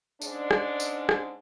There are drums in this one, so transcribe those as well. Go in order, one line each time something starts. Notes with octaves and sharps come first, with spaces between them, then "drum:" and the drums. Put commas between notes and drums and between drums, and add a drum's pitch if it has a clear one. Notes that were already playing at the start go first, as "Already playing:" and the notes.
G#2 G#3 C#4 D4, drum: tambourine
drum: rim click
drum: tambourine
drum: rim click